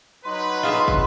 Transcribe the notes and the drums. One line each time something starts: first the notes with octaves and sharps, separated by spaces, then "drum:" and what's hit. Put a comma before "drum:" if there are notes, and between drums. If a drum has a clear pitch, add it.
F#3 D#4 B4 C6
F4 G#4 E5
drum: kick